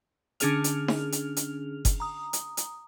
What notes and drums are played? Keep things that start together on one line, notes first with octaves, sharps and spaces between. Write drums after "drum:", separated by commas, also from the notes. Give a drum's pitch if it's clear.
D3 C#4 D4 G#4 F6 F7, drum: hi-hat
drum: hi-hat
drum: snare D#4
drum: hi-hat
drum: hi-hat
drum: kick F#1, hi-hat
A#5 D#6
drum: hi-hat
drum: hi-hat